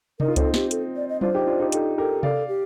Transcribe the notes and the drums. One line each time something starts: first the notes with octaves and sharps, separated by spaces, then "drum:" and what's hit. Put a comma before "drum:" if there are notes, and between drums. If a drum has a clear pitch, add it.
D#4 A#4, drum: tom C3
F4
C4 D#4 A4, drum: kick C#2, hi-hat
G4, drum: snare
A4, drum: hi-hat
D5
D#5
D4 F4 C5, drum: tom F#3
D#4 G4
D4 F4
D#4 G4
D#4 G4 A4, drum: hi-hat
G4 A4 A#4
A4 D5 F5, drum: tom C3
G4